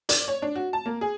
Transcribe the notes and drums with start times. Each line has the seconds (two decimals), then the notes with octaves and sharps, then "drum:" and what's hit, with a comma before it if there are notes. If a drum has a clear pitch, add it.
0.09 D5, drum: hi-hat
0.28 C#5
0.42 D4
0.55 F#4
0.73 A5
0.86 A#3
1.01 G#4